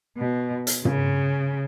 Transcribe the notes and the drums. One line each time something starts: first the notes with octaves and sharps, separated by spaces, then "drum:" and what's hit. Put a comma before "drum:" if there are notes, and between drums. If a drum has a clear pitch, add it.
B2
drum: hi-hat
C#3, drum: tom